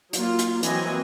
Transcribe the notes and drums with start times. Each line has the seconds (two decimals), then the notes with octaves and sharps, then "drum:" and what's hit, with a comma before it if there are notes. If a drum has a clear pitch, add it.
0.13 F#3 A#3 F4, drum: hi-hat
0.39 drum: hi-hat
0.63 E3 F#3 A#3 C4 D#5 G#5, drum: hi-hat